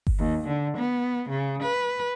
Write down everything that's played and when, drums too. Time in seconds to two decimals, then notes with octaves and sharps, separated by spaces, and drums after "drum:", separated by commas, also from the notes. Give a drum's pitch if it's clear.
0.07 drum: kick G1
0.19 D#2
0.47 D3
0.77 B3
1.29 C#3
1.63 B4